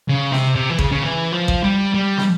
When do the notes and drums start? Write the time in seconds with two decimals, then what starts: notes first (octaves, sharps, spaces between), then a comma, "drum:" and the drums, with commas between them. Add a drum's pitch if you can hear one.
0.09 C#3
0.32 C3, drum: snare
0.55 C3
0.70 E3
0.79 C#3, drum: kick A1
0.91 C#3
1.02 E3
1.32 F3
1.48 drum: kick A1
1.64 G3
1.95 G3
2.17 drum: snare